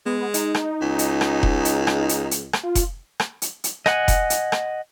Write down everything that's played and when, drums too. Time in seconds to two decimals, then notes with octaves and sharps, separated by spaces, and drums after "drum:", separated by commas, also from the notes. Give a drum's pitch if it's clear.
0.06 G#3 B3
0.34 D#4, drum: hi-hat
0.55 drum: rim click
0.81 C#2
0.99 drum: hi-hat
1.21 drum: rim click
1.43 drum: kick F1
1.65 drum: hi-hat
1.87 drum: rim click
2.09 drum: hi-hat
2.31 drum: hi-hat
2.53 drum: rim click
2.63 F4
2.75 drum: kick F1, hi-hat
3.20 drum: rim click
3.42 drum: hi-hat
3.64 drum: hi-hat
3.86 D#5 F#5 G#5, drum: rim click
4.08 drum: kick F1, hi-hat
4.30 drum: hi-hat
4.52 drum: rim click